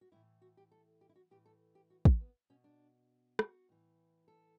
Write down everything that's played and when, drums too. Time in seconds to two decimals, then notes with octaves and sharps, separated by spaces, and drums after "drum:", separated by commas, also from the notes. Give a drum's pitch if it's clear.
0.01 F#4
0.12 A2 E3 E4
0.42 F#4
0.57 G4
0.71 A4
1.01 G4
1.09 E4
1.16 F#4
1.31 A2 E3 G4
1.45 A4
1.75 G4
1.90 F#4
2.05 D4, drum: kick
2.20 B3
2.50 B2 C#4
2.64 D4
3.39 F#4, drum: rim click
3.69 A2 E3
4.28 A4